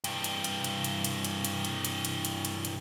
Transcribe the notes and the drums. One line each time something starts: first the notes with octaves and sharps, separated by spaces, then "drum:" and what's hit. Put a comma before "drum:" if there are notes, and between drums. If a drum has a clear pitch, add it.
G2 E3, drum: hi-hat
drum: hi-hat
drum: hi-hat
drum: hi-hat
drum: hi-hat
drum: hi-hat
drum: hi-hat
drum: hi-hat
drum: hi-hat
drum: hi-hat
drum: hi-hat
drum: hi-hat
drum: hi-hat
drum: hi-hat